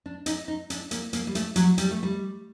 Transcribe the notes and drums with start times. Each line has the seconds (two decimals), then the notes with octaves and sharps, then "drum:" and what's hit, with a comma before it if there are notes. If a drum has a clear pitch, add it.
0.06 D4
0.26 D#4, drum: hi-hat
0.48 D#4
0.70 D4, drum: hi-hat
0.91 A#3, drum: hi-hat
1.13 A#3, drum: hi-hat
1.27 G3
1.35 A3, drum: hi-hat
1.56 F#3, drum: hi-hat
1.78 G3, drum: hi-hat
1.91 A3
2.03 G3